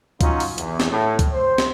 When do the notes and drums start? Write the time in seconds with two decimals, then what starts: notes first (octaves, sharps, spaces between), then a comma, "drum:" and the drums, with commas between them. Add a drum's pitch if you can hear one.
0.21 F#3 C#4 D#4 F4, drum: kick, hi-hat
0.40 drum: open hi-hat
0.58 E2, drum: hi-hat
0.80 drum: snare
0.90 A2
1.19 drum: kick, hi-hat
1.33 C5
1.58 drum: snare